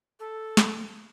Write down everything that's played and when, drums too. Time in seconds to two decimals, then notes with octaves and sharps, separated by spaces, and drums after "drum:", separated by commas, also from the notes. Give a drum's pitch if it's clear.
0.20 A4
0.57 drum: snare